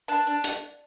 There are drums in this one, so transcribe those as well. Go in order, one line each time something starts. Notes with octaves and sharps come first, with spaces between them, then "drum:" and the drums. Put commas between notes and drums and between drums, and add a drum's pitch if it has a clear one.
D4 A5
D4
drum: hi-hat